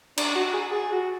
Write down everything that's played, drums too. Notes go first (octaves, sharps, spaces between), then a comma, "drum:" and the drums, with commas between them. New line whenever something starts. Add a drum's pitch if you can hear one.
D4, drum: cymbal
F#4
G#4
G#4
F#4